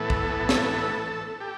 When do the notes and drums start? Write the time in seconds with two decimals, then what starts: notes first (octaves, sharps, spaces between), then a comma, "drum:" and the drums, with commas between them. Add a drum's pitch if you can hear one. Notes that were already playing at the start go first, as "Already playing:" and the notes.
Already playing: A2 E3 B3 A4
0.10 drum: kick
0.49 drum: snare
1.41 G4